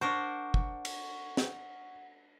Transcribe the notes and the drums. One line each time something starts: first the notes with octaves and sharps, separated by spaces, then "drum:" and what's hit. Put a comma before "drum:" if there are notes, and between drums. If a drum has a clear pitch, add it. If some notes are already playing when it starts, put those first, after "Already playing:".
D4 A#4 C5 F#5 C#6
drum: kick
drum: cymbal
drum: snare